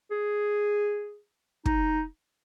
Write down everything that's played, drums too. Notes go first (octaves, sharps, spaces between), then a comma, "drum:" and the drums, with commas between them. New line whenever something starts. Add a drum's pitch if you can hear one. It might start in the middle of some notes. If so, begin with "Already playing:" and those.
G#4
D#4, drum: kick